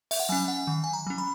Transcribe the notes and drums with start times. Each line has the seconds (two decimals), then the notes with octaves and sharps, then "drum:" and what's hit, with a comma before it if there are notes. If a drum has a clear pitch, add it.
0.11 E5, drum: open hi-hat
0.20 F#5
0.29 F#3 C#4 G#5
0.48 F#5
0.67 D#3
0.84 G#5
0.93 A#5
1.07 F#3 C#4
1.18 B5